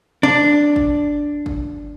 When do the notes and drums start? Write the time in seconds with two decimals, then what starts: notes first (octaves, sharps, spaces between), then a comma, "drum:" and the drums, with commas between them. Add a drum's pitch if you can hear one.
0.23 D4
0.76 drum: kick
1.46 drum: kick